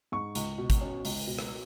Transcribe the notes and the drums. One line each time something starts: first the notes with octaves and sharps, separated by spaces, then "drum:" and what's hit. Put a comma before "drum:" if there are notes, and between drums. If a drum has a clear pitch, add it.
G#2 C#6
C#2, drum: hi-hat
B2
drum: kick, hi-hat
C#4
C#2, drum: open hi-hat
B2
drum: rim click